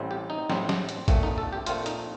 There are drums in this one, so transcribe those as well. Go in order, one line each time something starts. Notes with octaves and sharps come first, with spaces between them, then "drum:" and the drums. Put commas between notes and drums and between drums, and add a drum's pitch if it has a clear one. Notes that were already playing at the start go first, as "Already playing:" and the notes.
Already playing: A1 A2 G3 C4
G4
D#4
A1 A2 G3 C4, drum: snare
drum: snare
drum: hi-hat
A#1 A#2 A3 C4, drum: kick, hi-hat
D#4
A4
G4
A#1 A#2 A3 C4 F4, drum: hi-hat
D#4, drum: hi-hat